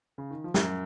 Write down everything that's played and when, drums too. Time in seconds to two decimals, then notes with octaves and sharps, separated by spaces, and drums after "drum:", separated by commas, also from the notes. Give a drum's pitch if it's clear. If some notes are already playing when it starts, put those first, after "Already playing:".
0.18 C#3
0.31 D#3
0.44 F3
0.54 F#2, drum: snare